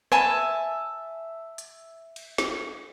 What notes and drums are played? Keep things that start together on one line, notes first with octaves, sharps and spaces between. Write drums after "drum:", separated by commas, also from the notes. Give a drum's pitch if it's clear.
E5 G#5 A5, drum: rim click
drum: hi-hat
drum: cymbal
drum: snare